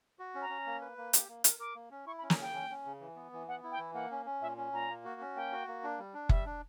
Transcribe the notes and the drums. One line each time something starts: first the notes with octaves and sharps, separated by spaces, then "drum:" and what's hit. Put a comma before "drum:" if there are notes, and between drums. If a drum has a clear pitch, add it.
F#4
C#4
A#5
C#4
A#3
B4
A#3
G4, drum: hi-hat
A#3
A#4, drum: hi-hat
A#4 D6
A#3
C#4
E4 C#6
B5
C#4
A#5, drum: snare
C#3 G5
C#4
C#4
C#3
E3
B3
E3
B3 F#5
E4
G5
E3
A#3 F#5
C#4
C#4
A#2 E5
C#4
A#2 A#5
A#3
F#4
C#4
A#3 G5
F#4
A#3
D4
G3
D4
G3 E5, drum: kick
D4